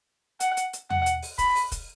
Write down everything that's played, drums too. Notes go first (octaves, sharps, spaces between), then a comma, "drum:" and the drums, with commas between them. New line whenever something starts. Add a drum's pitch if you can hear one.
F#5, drum: hi-hat
drum: hi-hat
drum: hi-hat
F#5, drum: tom E2
drum: hi-hat
drum: open hi-hat
B5, drum: kick, hi-hat
drum: open hi-hat
drum: kick, hi-hat